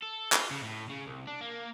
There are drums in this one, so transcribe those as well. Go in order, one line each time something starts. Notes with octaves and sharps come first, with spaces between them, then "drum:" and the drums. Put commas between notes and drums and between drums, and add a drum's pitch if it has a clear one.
A4
F4, drum: clap
C#3
A2
C#3
C2
D4
A#3